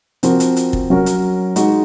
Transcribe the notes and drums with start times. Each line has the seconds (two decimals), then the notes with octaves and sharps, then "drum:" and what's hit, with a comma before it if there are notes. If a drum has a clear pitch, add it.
0.23 F3 C4 F#4 A#4, drum: hi-hat
0.40 drum: hi-hat
0.56 drum: hi-hat
0.73 drum: kick
0.90 F#3 C#4 F#4 A#4
1.06 drum: hi-hat
1.56 G#3 D#4 F#4, drum: hi-hat